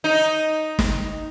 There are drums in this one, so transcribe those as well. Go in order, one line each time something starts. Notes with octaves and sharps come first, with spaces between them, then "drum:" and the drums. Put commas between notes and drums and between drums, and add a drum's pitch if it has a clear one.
D#4
drum: snare